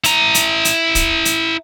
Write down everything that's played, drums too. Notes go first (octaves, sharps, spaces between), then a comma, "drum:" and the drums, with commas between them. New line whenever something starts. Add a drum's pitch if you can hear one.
E4 A#5, drum: hi-hat
drum: hi-hat
drum: hi-hat
drum: kick, hi-hat
drum: hi-hat